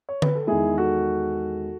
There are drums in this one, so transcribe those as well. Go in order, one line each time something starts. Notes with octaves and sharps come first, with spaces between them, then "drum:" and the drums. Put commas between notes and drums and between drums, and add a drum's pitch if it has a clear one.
C#5
B4, drum: tom D3
A4
E2 D#3 G#3 E4 G#4
F#4 A4